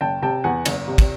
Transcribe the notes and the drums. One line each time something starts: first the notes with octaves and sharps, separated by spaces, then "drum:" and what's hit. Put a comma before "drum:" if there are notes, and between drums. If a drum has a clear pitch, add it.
F#1 G5 A5
C3 G5 A5
E2 F#5 G#5
F#1, drum: cymbal
C3
drum: kick, cymbal